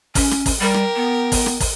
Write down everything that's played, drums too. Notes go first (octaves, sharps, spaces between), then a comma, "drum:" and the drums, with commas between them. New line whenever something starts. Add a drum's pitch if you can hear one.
C#4, drum: kick, open hi-hat
drum: rim click
drum: kick, open hi-hat
G3 G4 A#4
drum: rim click
B3
drum: kick, open hi-hat
drum: rim click
drum: kick, open hi-hat